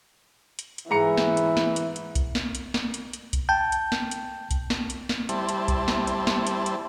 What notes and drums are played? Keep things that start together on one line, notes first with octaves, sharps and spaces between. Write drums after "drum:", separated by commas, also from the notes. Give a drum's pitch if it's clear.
drum: hi-hat
drum: hi-hat
G#2 E3 A#5 C#7
drum: snare
drum: hi-hat
drum: snare
drum: hi-hat
drum: hi-hat
drum: kick B1, hi-hat
drum: snare
drum: hi-hat
drum: snare
drum: hi-hat
drum: hi-hat
drum: kick B1, hi-hat
G5 A5 G6
drum: hi-hat
drum: snare
drum: hi-hat
drum: kick B1, hi-hat
drum: snare
drum: hi-hat
drum: snare
G3 E4 C5 A5, drum: hi-hat
drum: hi-hat
drum: kick B1, hi-hat
drum: snare
drum: hi-hat
drum: snare
drum: hi-hat
drum: hi-hat